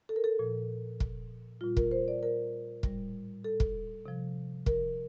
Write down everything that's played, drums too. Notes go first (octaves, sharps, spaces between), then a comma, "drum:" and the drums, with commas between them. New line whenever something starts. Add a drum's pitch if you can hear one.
A4
A#4
A4
A#2 F3
drum: kick
A#2 G3 F4
A#4, drum: kick
C5
D5
A#4
A2 G3, drum: kick
A4
drum: kick
C3 F3
A#4, drum: kick